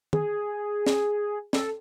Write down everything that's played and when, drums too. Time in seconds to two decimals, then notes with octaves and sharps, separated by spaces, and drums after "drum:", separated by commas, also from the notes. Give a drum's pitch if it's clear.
0.13 G#4, drum: tom
0.86 drum: snare
1.53 A4, drum: snare